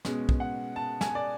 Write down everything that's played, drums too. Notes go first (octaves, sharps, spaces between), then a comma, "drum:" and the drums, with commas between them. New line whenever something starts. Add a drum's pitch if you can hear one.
B2 G#3 C#4, drum: snare
drum: kick
F#5
A5
G#5, drum: snare
D5